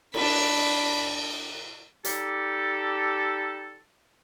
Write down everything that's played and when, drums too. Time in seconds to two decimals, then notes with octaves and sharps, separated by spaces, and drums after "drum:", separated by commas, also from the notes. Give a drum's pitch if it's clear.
0.14 D4 B5, drum: cymbal
2.05 G3 D#4 G4 A4, drum: hi-hat